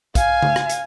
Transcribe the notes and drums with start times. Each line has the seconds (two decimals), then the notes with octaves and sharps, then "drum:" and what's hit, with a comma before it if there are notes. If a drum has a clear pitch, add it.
0.15 F5 G#5, drum: kick, hi-hat
0.42 drum: tom C#3
0.56 drum: rim click
0.70 drum: hi-hat